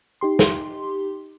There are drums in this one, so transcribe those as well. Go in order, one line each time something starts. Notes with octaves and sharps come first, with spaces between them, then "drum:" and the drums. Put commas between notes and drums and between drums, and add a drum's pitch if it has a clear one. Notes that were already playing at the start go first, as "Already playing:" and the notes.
D#4 G4 C6
drum: snare